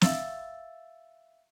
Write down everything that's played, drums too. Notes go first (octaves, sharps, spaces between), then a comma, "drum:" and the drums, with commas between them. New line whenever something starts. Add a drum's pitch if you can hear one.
E5 F5 E6 A6, drum: snare